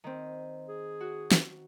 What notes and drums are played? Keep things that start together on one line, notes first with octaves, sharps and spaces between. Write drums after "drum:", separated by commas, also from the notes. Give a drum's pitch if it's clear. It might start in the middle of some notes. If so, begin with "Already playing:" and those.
D#3 C4
G#4
F#4
drum: snare